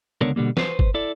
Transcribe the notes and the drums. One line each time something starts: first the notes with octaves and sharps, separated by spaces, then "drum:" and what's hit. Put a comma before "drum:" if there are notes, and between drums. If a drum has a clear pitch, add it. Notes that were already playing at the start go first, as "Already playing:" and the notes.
C#2 D3 B3 D4 A#4 C#5
B2 D3 G3 A#3
B4 C5, drum: snare
drum: kick
E4 A4 D5